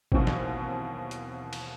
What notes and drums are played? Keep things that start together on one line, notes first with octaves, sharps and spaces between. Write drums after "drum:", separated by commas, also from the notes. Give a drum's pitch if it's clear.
D#2 B2 E3 F#3 C4, drum: kick
drum: snare
drum: hi-hat
drum: cymbal